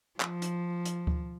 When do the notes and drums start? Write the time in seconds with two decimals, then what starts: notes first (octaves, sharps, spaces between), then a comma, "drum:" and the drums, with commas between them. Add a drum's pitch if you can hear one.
0.20 F3, drum: clap
0.42 drum: hi-hat
0.85 drum: hi-hat
1.07 drum: kick D2